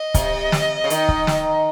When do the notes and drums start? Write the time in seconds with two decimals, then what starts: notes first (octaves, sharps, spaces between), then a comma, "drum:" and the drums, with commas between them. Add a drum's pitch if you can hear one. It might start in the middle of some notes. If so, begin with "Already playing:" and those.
Already playing: D#5
0.14 C3, drum: kick, hi-hat
0.52 drum: snare
0.84 C#3
0.90 D#3, drum: hi-hat
1.09 drum: kick
1.27 drum: snare